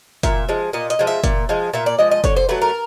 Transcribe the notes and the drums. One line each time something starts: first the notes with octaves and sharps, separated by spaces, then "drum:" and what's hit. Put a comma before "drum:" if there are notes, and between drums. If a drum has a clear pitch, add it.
A#2 E5, drum: kick, hi-hat
F3 G#3
A#2 D#5
D#5, drum: hi-hat
F3 G#3
E5
A#2, drum: kick, hi-hat
F3 G#3
A#2 E5
D5
F3 G#3 D#5
D#5
D3 C#5, drum: kick, hi-hat
C5
F#3 A3 B4
A#4